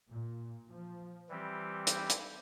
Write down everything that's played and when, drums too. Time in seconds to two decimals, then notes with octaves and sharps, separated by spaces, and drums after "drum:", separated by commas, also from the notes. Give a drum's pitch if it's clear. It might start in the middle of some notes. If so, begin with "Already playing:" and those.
0.09 A#2
0.69 F3
1.29 E3 G3 C4 G4
1.87 drum: hi-hat
2.10 drum: hi-hat